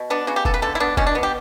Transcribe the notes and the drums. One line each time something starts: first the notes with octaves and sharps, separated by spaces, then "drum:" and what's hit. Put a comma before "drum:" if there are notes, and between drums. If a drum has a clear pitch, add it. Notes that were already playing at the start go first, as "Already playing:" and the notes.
Already playing: B2
B3 D4
C#3 F#4
G4
B3 A4, drum: kick F1
B4
D3 A4
E4
B3 D4
B2 C#4, drum: kick F1
D4
B3
G4